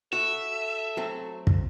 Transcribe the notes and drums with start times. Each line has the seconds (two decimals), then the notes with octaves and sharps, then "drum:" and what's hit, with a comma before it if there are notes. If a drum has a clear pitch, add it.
0.13 F#4 A4 E5
0.97 F#3 A3 C4
1.47 drum: kick